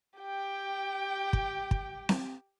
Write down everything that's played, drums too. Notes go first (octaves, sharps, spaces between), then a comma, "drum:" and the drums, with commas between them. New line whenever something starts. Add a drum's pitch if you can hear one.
G4 G5
drum: kick
drum: kick
drum: snare C4